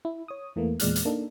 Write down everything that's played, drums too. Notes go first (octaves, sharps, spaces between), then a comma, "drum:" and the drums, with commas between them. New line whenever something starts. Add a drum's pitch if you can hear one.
E4
C#5 D#6
E2 E3 A3 A#3
E2 A#2 G#3 D5 F6 F#6, drum: hi-hat
drum: hi-hat
A#3 D4 D#4 A4